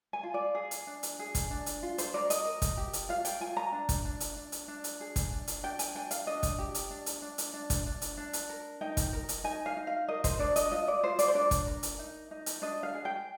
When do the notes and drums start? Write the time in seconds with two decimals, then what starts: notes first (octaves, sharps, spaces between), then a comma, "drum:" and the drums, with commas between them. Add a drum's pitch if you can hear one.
0.13 G#5
0.23 F4
0.34 D5
0.55 G#4
0.71 drum: hi-hat
0.87 D4
1.03 drum: hi-hat
1.19 G#4
1.35 drum: kick, hi-hat
1.51 D4
1.66 drum: hi-hat
1.82 F4
1.98 C5, drum: hi-hat
2.14 A#4 D5
2.30 D#5, drum: hi-hat
2.45 A#4
2.62 drum: kick, hi-hat
2.77 G4
2.93 drum: hi-hat
3.09 F4 F5
3.25 G5, drum: hi-hat
3.41 F4 G#5
3.57 A#5
3.73 D4
3.89 drum: kick, hi-hat
4.05 D4
4.20 drum: hi-hat
4.36 D4
4.52 drum: hi-hat
4.68 D4
4.84 drum: hi-hat
5.00 G#4
5.16 drum: kick, hi-hat
5.31 D4
5.48 drum: hi-hat
5.63 D4 G5
5.79 G#5, drum: hi-hat
5.95 D4 G5
6.11 F5, drum: hi-hat
6.26 D4 D#5
6.43 drum: kick, hi-hat
6.59 G4
6.75 drum: hi-hat
6.90 D4
7.06 drum: hi-hat
7.22 D4
7.38 drum: hi-hat
7.54 D4
7.70 drum: kick, hi-hat
7.86 D4
8.02 drum: hi-hat
8.17 D4
8.33 drum: hi-hat
8.49 A#4
8.81 D#4 G5
8.97 drum: kick, hi-hat
9.13 A#4
9.29 drum: hi-hat
9.44 D#4 G#5
9.66 F5
9.77 D#4
9.87 F5
10.08 A#4 D#5
10.24 C5, drum: kick, hi-hat
10.39 D4 D5
10.56 D#5, drum: hi-hat
10.72 F4 D#5
10.88 D5
11.04 F4 C5
11.19 D5, drum: hi-hat
11.28 C5
11.35 D4 D5
11.51 drum: kick, hi-hat
11.66 A#4
11.83 drum: hi-hat
11.99 D#4
12.31 D#4
12.46 drum: hi-hat
12.62 D4 D#5
12.83 F5
12.94 G#4
13.05 G5